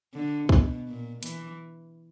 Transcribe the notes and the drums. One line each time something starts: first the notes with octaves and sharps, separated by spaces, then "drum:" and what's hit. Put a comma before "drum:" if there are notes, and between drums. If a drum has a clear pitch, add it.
D3
B2, drum: kick
A#2
E3, drum: hi-hat